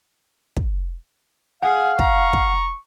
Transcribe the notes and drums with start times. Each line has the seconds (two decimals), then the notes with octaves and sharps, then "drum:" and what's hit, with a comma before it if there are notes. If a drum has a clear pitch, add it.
0.57 drum: kick
1.63 G#4 F5 F#5
1.99 A#5 C#6, drum: kick
2.33 drum: kick